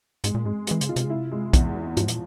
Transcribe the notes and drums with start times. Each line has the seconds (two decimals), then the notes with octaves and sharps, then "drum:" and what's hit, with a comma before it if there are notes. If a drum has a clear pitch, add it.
0.24 G#2 G#3, drum: hi-hat
0.35 A#2
0.45 G#2 G#3
0.67 E3 G#3, drum: hi-hat
0.81 C#3, drum: hi-hat
0.89 F4
0.96 C3, drum: hi-hat
1.06 C#3 E4
1.16 C3
1.32 G#3
1.53 E2, drum: kick, hi-hat
1.75 E3
1.97 G#2 F3, drum: hi-hat
2.08 A#2, drum: hi-hat